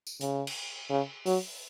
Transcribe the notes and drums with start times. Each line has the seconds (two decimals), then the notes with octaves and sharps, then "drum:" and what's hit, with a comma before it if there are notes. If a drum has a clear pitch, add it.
0.07 drum: tambourine
0.21 C#3, drum: hi-hat
0.47 drum: cymbal
0.90 C#3
1.26 F#3, drum: open hi-hat